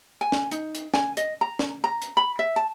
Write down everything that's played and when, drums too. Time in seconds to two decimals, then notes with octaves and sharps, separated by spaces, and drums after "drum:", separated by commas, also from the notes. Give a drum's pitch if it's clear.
0.21 G#5
0.32 drum: snare
0.51 D#4, drum: hi-hat
0.75 drum: hi-hat
0.94 G#5, drum: snare
1.17 D#5, drum: hi-hat
1.41 A#5
1.59 drum: snare
1.84 A#5
2.02 drum: hi-hat
2.17 B5
2.39 E5
2.56 A5